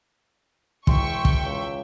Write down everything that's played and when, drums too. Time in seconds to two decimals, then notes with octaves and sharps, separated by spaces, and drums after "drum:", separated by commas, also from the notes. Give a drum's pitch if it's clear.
0.87 E1 E2 E5 G5 C6 C#6, drum: kick
1.25 drum: kick
1.43 C#2